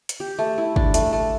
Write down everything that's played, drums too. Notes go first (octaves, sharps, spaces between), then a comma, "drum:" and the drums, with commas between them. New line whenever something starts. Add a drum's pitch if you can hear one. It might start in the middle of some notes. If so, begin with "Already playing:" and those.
drum: hi-hat
G4
A3
E4
D4, drum: kick
A3, drum: hi-hat
A3